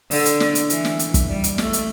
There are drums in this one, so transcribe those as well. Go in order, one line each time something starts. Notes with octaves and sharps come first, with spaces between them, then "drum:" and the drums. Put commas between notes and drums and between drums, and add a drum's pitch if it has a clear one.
D3, drum: open hi-hat
drum: hi-hat
drum: snare
drum: hi-hat
E3, drum: hi-hat
drum: snare
drum: hi-hat
drum: kick, hi-hat
G3
drum: hi-hat
A3, drum: snare
drum: hi-hat